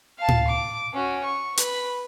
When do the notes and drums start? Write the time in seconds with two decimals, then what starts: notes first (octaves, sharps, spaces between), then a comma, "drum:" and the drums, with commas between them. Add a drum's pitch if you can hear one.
0.18 F5 A5
0.28 drum: tom A2
0.48 D6
0.94 C#4 F#4
1.24 C#6
1.57 B4 B5, drum: hi-hat